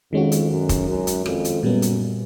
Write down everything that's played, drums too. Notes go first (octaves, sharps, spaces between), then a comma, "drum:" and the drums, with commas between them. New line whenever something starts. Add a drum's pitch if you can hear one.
F2 D#3 G#3 C#4 F#4
drum: hi-hat
F#2
drum: kick, hi-hat
F#2
drum: hi-hat
F2, drum: rim click
drum: hi-hat
F#2 A#2 G3 B3
drum: hi-hat